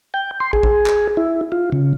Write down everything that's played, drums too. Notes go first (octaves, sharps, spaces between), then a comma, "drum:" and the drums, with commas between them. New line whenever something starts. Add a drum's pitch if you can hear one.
G5
C6
G#4, drum: kick
drum: kick
drum: clap
E4
F4
C#3